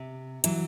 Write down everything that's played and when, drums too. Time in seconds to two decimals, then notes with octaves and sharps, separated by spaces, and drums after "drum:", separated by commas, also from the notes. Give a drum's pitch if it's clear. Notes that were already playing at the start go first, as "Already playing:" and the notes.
Already playing: C3
0.44 E3 F#3, drum: hi-hat